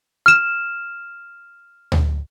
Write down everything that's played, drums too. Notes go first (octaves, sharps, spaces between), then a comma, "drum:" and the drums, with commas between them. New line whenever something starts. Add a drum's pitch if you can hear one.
F6 E7
drum: tom D2